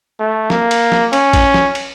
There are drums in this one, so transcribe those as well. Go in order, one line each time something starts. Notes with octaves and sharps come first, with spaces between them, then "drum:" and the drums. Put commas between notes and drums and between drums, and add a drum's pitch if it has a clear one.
A3
A#3, drum: snare
drum: cymbal
drum: snare
C#4, drum: cymbal
drum: kick A1, cymbal
drum: snare
drum: cymbal